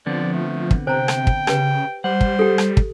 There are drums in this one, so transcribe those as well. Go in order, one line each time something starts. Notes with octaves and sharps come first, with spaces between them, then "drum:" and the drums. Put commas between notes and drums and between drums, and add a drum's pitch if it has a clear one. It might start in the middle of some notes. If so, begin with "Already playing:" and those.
D3 F3 B3 C4 D5
A3
drum: kick
C3 C5 G5 A#5
drum: rim click
drum: kick
C#3 G4 B4, drum: rim click
G3 C5 F#5
drum: kick
G4 A4
drum: rim click
drum: kick